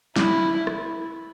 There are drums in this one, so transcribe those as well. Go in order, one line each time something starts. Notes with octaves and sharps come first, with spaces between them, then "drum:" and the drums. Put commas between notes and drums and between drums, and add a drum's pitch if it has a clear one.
E4, drum: snare
drum: rim click